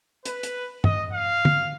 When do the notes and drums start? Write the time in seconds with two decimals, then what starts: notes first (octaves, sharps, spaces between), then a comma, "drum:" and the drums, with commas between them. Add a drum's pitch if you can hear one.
0.25 B4, drum: hi-hat
0.43 drum: hi-hat
0.84 D#5, drum: tom
1.13 F5
1.45 drum: tom